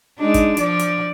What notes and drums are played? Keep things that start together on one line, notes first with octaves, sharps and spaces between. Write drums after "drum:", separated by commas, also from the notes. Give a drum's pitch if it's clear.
G#3 D4 D#4
drum: kick F#1, hi-hat
F3 D5, drum: hi-hat
drum: hi-hat